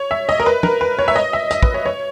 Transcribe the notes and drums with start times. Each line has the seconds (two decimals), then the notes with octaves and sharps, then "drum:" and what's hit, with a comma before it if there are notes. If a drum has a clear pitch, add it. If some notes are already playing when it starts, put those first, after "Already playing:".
Already playing: C#5
0.11 E5
0.29 D#5
0.40 A#4
0.46 B4
0.63 A#4, drum: tom
0.81 B4
0.99 C#5
1.08 E5
1.16 D#5
1.33 E5
1.51 D#5, drum: hi-hat
1.63 B4, drum: kick
1.74 C#5
1.86 C#5